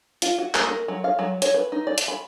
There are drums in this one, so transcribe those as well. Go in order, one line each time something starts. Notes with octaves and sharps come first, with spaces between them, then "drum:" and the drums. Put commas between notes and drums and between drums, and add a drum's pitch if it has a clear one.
F4, drum: hi-hat
F#4
A#3, drum: clap
A#4
F#3
F5
F#3
C#5, drum: hi-hat
B4
D#4
D5
drum: hi-hat
B5